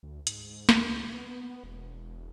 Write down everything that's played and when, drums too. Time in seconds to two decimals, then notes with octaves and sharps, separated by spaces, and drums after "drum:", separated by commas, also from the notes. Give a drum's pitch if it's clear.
0.03 D2
0.27 G#2, drum: hi-hat
0.69 D#2, drum: snare
0.88 C#2
1.14 B3
1.63 E1